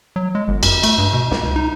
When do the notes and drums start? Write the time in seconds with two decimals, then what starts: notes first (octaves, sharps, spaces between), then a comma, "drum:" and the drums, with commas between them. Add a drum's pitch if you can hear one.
0.16 F#3
0.35 G#3
0.48 G1
0.63 F#2, drum: cymbal
0.83 A3, drum: cymbal
0.98 G2
1.13 B2
1.31 C#2, drum: snare
1.56 D#4